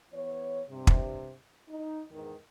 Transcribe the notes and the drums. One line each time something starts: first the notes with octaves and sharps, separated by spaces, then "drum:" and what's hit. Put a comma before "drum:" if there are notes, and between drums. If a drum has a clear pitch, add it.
E3 B3 C#5
G2 C3
drum: kick
D#4
E2 G#2 D#3